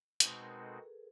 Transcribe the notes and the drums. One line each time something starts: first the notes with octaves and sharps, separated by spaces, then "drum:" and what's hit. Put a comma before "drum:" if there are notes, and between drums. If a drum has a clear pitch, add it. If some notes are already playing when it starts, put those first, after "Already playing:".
B2 G#3 C4 D#4 F#4 B4, drum: hi-hat
A#4
A4
G#4